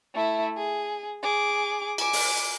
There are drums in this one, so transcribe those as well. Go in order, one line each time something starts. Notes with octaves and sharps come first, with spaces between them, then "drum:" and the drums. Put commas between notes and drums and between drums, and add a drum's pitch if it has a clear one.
A3 E4
G#4
G#4 D6
G#5 D6, drum: cymbal
drum: open hi-hat